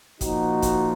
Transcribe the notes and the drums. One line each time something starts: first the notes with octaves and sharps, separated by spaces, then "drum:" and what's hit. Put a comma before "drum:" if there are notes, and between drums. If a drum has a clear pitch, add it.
A#2 F3 D#4 F#4, drum: kick, hi-hat
drum: kick, hi-hat